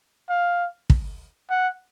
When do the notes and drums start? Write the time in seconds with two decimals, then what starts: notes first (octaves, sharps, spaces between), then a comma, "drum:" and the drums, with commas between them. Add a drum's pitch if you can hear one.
0.29 F5
0.90 drum: kick
1.50 F#5